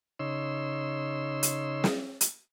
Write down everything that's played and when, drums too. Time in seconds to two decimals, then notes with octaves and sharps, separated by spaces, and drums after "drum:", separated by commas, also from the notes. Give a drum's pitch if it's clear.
0.19 C#3 D#4 C#5 C6 E6
1.43 drum: hi-hat
1.84 drum: snare
2.21 drum: hi-hat